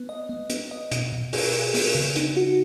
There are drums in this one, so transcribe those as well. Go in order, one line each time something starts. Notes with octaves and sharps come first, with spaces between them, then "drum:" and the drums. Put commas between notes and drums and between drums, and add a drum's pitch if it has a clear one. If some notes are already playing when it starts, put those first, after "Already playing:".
Already playing: B3
D#5
B3
B3, drum: hi-hat
D#5
B2, drum: hi-hat
B2
G#4, drum: open hi-hat
G#4
B3, drum: open hi-hat
C#3
D#4, drum: hi-hat
F#4